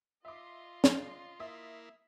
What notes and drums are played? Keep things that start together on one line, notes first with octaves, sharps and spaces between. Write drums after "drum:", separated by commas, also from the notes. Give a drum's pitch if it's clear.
F4 D#5 E5 C6 D6
drum: snare
A#3 E4 E5 D#6 B6